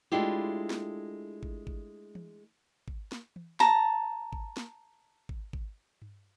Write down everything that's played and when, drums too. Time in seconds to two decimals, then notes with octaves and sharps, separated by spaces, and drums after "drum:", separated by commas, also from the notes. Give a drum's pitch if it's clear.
0.12 G#3 A3 D4 E4 F4 G4
0.70 drum: snare
1.43 drum: kick G#1
1.67 drum: kick G#1
2.15 drum: tom E3
2.88 drum: kick G#1
3.12 drum: snare
3.36 drum: tom E3
3.60 A5 A#5, drum: snare
4.33 drum: kick G#1
4.57 drum: snare
5.29 drum: kick G#1
5.53 drum: kick G#1
6.02 drum: tom G2